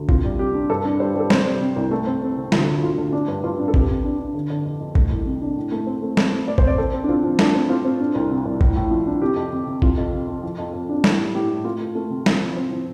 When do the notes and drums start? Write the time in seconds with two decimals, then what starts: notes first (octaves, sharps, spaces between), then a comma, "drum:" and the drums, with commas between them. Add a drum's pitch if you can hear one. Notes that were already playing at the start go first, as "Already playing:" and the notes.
Already playing: D2
0.09 C3 F4, drum: kick A1
0.24 G3
0.39 C3 G4
0.54 D4
0.70 G2 A4
0.85 D4
1.00 G3 C5
1.15 G3 A4
1.30 C3 C5, drum: snare G3
1.46 G3
1.61 C3
1.76 C2
1.91 A3
2.07 C4
2.22 C4
2.37 C3
2.52 D2 F4, drum: snare G3
2.67 D2
2.83 D2 F4
2.98 D2
3.13 D4
3.28 G2
3.44 G2 F4
3.59 D4
3.68 A4
3.74 C3 G4, drum: kick A1
3.89 C3
4.04 D4
4.20 D4
4.35 D3
4.50 D3
4.65 F2
4.81 F2
4.95 A3, drum: kick A1
5.10 C2
5.26 C3
5.42 D4
5.57 A2
5.72 A3
5.87 C4
6.02 A3
6.17 C4 A4, drum: snare G3
6.33 A3
6.48 A3 D5
6.58 C5, drum: kick A1
6.63 C4 D5
6.78 C3 A4
6.93 C4
7.04 D4
7.08 C4 F4
7.23 F3
7.39 A3 D4, drum: snare G3
7.55 C4
7.69 C4 F4
7.85 C4
8.00 D4
8.15 C2
8.31 C3
8.45 C2
8.61 A2, drum: kick A1
8.76 A2
8.91 F3
9.07 D4
9.21 C3 G4
9.36 F2
9.52 C3
9.67 C3
9.82 C3 F4, drum: kick A1
9.98 F2
10.13 C3
10.28 F2
10.43 F3
10.58 F2
10.74 F2
10.89 D4
11.04 A2 A4, drum: snare G3
11.19 G3
11.35 A2 G4
11.49 A2
11.64 A3 F4
11.80 A3
11.95 A3
12.10 C3
12.26 C4, drum: snare G3
12.41 F3
12.57 C4
12.71 F3